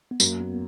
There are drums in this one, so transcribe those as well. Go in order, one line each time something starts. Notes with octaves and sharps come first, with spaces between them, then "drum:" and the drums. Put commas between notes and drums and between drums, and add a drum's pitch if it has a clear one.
B3
F#2 A#3, drum: tambourine
B3